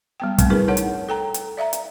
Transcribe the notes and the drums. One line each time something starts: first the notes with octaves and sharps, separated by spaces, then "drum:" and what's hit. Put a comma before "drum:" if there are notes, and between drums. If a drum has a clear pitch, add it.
G3 B3 G5
G3 A3 C4, drum: kick, hi-hat
D4 E4 G#4 A#4 B4
D#4 A#4 C#5 F#5 A5
drum: hi-hat
A4 G5 A#5
drum: hi-hat
D5 E5 F5 A#5
drum: hi-hat